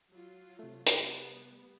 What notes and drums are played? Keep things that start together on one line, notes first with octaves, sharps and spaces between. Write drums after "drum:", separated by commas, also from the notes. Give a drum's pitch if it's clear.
F#3 F4
C3 A3
drum: hi-hat
G3 B3